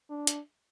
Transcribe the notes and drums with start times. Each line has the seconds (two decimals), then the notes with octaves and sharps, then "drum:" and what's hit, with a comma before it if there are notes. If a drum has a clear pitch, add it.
0.10 D4
0.27 drum: hi-hat